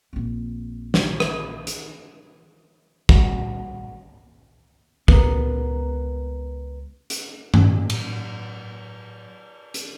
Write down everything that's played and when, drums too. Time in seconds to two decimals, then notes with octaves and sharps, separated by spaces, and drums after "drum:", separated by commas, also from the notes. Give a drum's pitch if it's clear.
0.13 A#1 C4
0.94 drum: snare
1.20 drum: rim click
1.67 drum: hi-hat
3.09 A#1 G3 F#4, drum: kick
5.08 C#2 G#3 B3 A#4, drum: kick
7.10 drum: hi-hat
7.54 A2 F#3, drum: tom G2
7.90 drum: cymbal
9.74 drum: hi-hat